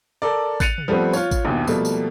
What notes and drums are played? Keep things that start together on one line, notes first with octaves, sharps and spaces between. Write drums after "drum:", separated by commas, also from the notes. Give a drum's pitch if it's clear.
A4 A#4 D5
F#6 A6 C#7 D#7 F7, drum: kick A1, tambourine
drum: tom
F3 G3 A3 B3 C4
F4 C#5, drum: tambourine
drum: kick A1, tambourine
A#1 D#2 B2
B2 F3 G3 A3 A#3, drum: tambourine
drum: tambourine